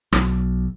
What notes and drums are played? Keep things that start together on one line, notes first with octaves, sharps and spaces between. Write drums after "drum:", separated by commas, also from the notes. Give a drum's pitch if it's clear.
B1, drum: rim click